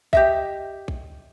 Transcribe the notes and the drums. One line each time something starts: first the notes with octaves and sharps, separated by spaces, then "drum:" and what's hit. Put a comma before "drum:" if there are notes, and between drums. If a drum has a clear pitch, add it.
G4 D#5 E5, drum: kick
drum: kick